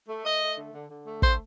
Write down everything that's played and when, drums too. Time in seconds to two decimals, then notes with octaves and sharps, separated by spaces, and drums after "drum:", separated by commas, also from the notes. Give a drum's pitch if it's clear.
0.09 A3
0.25 A3 D#5
0.42 A3
0.58 D3
0.74 D3
0.90 D3
1.06 A3
1.22 D3 C5, drum: kick